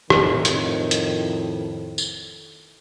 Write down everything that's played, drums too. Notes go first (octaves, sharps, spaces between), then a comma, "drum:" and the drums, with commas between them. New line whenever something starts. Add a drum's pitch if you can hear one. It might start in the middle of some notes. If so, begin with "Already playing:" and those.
F2 A2 D#3, drum: rim click
drum: hi-hat
drum: hi-hat
drum: tambourine